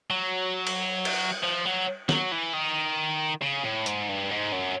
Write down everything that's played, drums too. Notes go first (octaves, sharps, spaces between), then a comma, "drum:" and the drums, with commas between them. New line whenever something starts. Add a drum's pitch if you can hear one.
F#3
drum: cymbal
drum: cymbal
F3
F#3
F#3, drum: snare
E3
D#3
C#3
A2
G#2, drum: hi-hat
G2
G#2
F#2